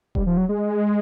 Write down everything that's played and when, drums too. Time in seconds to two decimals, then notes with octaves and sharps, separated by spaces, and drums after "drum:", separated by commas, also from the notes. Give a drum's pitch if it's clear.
0.15 G3, drum: kick D#1
0.27 F3
0.37 F#3
0.49 G#3